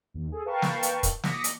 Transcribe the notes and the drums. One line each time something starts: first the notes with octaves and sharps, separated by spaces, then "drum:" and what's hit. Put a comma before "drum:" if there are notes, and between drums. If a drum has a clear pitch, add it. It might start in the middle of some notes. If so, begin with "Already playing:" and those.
D#2
G#4 A4
A#4 B4 F5 G5 A5 C#6
drum: snare
drum: hi-hat
drum: kick, hi-hat
D6 D#6 A#6 B6 C#7, drum: snare
drum: hi-hat